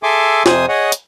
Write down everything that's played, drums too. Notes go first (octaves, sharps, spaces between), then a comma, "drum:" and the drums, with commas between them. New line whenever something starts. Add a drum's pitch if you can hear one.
G#4 A4 E5 G#5 C6 D6
F2 C3 C5 G#5 D#6, drum: snare
G#4 C#5 D#5 F#5
drum: hi-hat